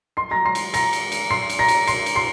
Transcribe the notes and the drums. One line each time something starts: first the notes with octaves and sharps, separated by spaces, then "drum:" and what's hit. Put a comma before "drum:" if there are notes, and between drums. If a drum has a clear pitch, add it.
C6 C7
A#5 A#6
C6 C7
drum: cymbal
A#5 A#6, drum: cymbal
drum: cymbal
drum: cymbal
C6 C7
drum: cymbal
A#5 A#6
drum: cymbal
C6 C7, drum: cymbal
drum: cymbal
C6 C7